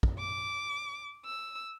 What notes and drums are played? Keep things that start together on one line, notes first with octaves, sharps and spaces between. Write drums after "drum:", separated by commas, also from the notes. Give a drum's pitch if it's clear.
drum: kick
D6
E6